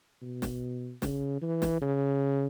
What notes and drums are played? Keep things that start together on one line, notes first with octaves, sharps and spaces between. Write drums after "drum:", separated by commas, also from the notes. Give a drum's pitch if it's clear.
B2
drum: snare
C#3, drum: snare
E3
drum: snare
C#3